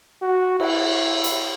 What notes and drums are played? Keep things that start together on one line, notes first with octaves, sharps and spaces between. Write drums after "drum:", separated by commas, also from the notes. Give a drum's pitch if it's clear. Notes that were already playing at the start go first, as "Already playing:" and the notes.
F#4
E4, drum: cymbal
drum: hi-hat